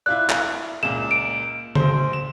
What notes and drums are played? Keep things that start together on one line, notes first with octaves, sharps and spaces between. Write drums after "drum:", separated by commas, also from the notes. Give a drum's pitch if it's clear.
E4 F4 D5 F#6
drum: clap
C#2 A#2 E7
D7
A#1 C5, drum: tom C#3
E7